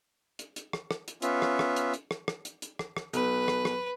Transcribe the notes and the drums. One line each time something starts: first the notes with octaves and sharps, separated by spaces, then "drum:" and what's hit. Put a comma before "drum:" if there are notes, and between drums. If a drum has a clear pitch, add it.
drum: hi-hat
drum: hi-hat
drum: rim click
drum: rim click
drum: hi-hat
B3 C#4 F4 E5, drum: hi-hat
drum: rim click
drum: rim click
drum: hi-hat
drum: hi-hat
drum: rim click
drum: rim click
drum: hi-hat
drum: hi-hat
drum: rim click
drum: rim click
B1 B4, drum: hi-hat
drum: rim click
drum: rim click